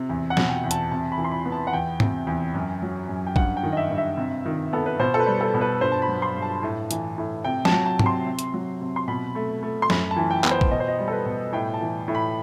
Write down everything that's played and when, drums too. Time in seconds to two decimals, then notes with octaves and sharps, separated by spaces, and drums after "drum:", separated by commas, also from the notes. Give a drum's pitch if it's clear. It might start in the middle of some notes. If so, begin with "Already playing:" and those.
Already playing: C3
0.09 E2
0.30 F#5
0.37 B2, drum: snare
0.50 G5
0.64 E2
0.71 A5, drum: hi-hat
0.91 C3 A5
1.12 B5
1.18 E3
1.24 C6
1.32 B5
1.45 B3
1.52 A5
1.67 F#5
1.73 E2 G5
2.00 C3, drum: tom G#2
2.27 E2
2.54 F#2
2.82 F#3
3.09 F#2
3.27 G5
3.36 G2 F#5, drum: kick A1
3.57 G5
3.63 D#3
3.73 D#5
3.77 E5
3.90 G2
3.98 E5
4.17 C3
4.46 D#3
4.73 B3 A4
4.86 B4
5.00 B2 C5
5.14 A4
5.19 B4
5.26 G3
5.41 A4
5.54 B2
5.61 B4
5.81 G2 C5
5.92 A5
6.02 B5
6.09 F#3
6.22 C6
6.35 G2
6.42 A5
6.63 A2
6.91 E3, drum: hi-hat
7.18 A2
7.44 C3 G5
7.65 A5, drum: snare
7.72 F#3
7.86 A5
7.99 C3, drum: tom G#2
8.06 C6
8.26 C3
8.39 drum: hi-hat
8.54 F#3
8.81 C3
8.96 C6
9.08 B2 B5
9.35 A3
9.63 A3
9.82 C6
9.90 F#2 B5, drum: snare
10.11 A5
10.16 E3
10.31 G5
10.44 B3, drum: clap
10.51 C5
10.61 drum: kick A1
10.71 B2 D#5
10.80 C5
10.88 D#5
10.99 G3
11.08 A4
11.13 B4
11.26 B2
11.53 A2 G5
11.74 A5
11.81 E3
12.08 A2
12.15 B5